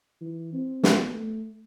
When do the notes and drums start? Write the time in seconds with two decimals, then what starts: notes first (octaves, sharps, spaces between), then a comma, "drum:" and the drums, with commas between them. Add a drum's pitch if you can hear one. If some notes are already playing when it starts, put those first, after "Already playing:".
0.21 E3
0.53 C4
0.83 B3, drum: snare
1.14 A3